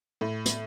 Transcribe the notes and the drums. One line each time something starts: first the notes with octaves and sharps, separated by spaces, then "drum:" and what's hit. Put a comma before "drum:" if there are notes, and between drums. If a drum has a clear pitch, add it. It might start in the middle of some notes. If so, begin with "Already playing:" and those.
A2
drum: hi-hat